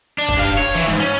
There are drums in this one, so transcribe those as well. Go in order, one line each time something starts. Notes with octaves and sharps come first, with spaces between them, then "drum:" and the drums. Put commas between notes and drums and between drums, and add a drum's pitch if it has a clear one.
D4
drum: kick, hi-hat
G2 F5
C#5, drum: hi-hat
E3, drum: open hi-hat
G#2
C#4